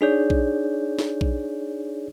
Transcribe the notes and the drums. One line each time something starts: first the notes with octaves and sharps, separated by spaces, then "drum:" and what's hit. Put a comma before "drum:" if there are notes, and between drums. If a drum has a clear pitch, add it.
D4 D#4 G#4 C#5 D5 G6
drum: kick A#1
drum: snare
drum: kick A#1